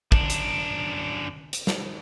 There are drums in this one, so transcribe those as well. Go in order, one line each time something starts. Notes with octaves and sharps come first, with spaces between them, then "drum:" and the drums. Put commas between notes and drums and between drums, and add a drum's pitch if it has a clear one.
F#2 D4, drum: kick
drum: hi-hat
drum: hi-hat
drum: snare